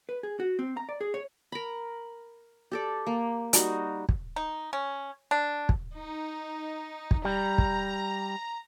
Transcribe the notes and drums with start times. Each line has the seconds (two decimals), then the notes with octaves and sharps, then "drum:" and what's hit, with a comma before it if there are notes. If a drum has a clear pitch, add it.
0.09 B4
0.23 G#4
0.40 F#4
0.59 C4
0.77 A#5
0.89 D5
1.01 G#4
1.14 C#5
1.52 A#4 B5
2.72 G4 A4 D5
3.07 A#3
3.53 G3 D#4 F#4, drum: hi-hat
4.09 drum: kick
4.36 D#4
4.73 C#4
5.31 D4
5.69 drum: kick
5.95 D#4
7.11 drum: kick
7.25 G3 A#5
7.58 drum: kick